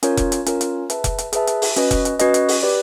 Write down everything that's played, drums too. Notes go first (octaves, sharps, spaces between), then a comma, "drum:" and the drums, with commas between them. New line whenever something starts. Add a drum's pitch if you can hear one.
C#4 F4 A#4 C#5, drum: hi-hat
drum: kick F1, hi-hat
drum: hi-hat
C#4 F4 A#4 C#5, drum: hi-hat
drum: hi-hat
G#4 B4 E5 A5, drum: hi-hat
drum: kick F1, hi-hat
drum: hi-hat
G#4 B4 E5 A5, drum: hi-hat
drum: hi-hat
drum: open hi-hat
C#4 F#4 B4 D#5, drum: hi-hat
drum: kick F1, hi-hat
drum: hi-hat
C#4 F#4 B4 D#5, drum: hi-hat
drum: hi-hat
drum: open hi-hat
G4 B4 D5